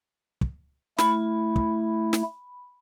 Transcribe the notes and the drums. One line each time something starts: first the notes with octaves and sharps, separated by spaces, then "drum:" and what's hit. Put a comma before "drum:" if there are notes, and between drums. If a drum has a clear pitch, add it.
drum: kick
A3 E4 B5, drum: snare
drum: kick
drum: snare